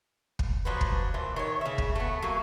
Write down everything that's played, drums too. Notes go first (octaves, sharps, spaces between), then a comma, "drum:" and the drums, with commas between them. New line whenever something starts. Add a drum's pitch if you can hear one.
drum: kick
F3 F#3 D4 B4
drum: kick
A#2 E3 C5
D#3 C#5
C#3 E5
drum: kick
A3 B3
F#3 A#3